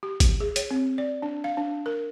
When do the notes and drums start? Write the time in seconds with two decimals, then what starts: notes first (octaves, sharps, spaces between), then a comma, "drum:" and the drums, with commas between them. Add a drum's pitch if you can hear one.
0.03 G4
0.20 drum: kick G#1, hi-hat
0.40 G#4
0.56 C#5, drum: hi-hat
0.71 C4
0.98 D5
1.22 D4
1.44 F5
1.57 D4
1.86 A#4